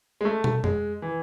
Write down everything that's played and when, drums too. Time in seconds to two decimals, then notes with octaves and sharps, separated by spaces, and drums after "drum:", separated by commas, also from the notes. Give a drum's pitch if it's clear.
0.21 G#3
0.25 A3
0.44 drum: tom
0.64 G#3, drum: tom F2
1.02 E3